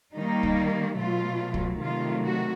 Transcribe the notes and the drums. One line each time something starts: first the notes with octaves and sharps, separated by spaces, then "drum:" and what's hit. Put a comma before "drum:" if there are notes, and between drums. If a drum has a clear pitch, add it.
D#3 G3 A#3 D#4
drum: kick
B2 F#3 A3 F4
drum: kick
C3 D#3 F#3 A3 F4
F#4